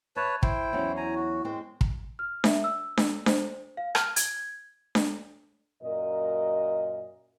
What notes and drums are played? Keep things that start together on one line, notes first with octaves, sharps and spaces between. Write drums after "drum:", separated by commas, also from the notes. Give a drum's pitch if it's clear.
B4 C#5 E5 A5
E4 C5 G5, drum: kick
E2 F#3 C#4
G#5 A#5
F#4
G#3 C4
drum: kick
F6
E5, drum: snare D4
E6
drum: snare D4
C5, drum: snare D4
F5
F6, drum: rim click
G#6, drum: hi-hat
drum: snare D4
F#2 A#2 A#4 D#5